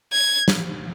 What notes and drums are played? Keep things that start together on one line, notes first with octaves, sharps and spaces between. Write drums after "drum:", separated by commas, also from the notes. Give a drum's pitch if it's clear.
G#6
drum: snare